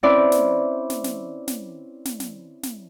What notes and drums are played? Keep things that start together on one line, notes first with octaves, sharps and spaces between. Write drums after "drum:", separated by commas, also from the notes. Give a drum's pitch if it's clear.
C4 C#4 E4 B4 D5
drum: snare
drum: snare
drum: snare
drum: snare
drum: snare
drum: snare
drum: snare